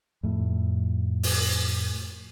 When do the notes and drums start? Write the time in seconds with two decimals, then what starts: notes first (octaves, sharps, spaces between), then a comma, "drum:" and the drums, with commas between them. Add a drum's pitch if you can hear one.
0.23 F2 A2
1.23 drum: open hi-hat